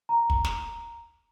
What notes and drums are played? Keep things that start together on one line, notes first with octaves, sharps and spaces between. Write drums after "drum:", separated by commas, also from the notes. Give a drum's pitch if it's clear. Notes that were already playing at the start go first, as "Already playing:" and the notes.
A#5
drum: kick
drum: snare